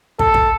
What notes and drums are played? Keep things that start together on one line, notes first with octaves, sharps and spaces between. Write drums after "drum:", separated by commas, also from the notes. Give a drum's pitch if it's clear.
A4, drum: kick
drum: kick